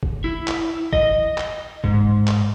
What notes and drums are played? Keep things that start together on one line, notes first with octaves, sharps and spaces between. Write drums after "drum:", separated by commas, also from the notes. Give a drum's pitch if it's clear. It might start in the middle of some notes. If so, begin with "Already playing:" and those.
drum: kick
E4
drum: clap
D#5, drum: kick
drum: clap
G#2, drum: kick
drum: clap